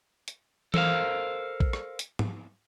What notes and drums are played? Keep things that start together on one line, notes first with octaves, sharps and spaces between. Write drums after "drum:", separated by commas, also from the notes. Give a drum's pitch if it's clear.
drum: hi-hat
A4 A#4 C5 F5, drum: tom E3
drum: kick A#1
drum: rim click
drum: hi-hat
drum: tom G#2